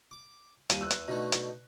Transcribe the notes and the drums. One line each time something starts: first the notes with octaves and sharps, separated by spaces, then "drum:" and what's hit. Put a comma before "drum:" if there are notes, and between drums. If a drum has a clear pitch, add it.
D6
D#2 G3 F5 D#7, drum: hi-hat
E2 E6 F#6
drum: hi-hat
B2 D3 A3 D#4
drum: hi-hat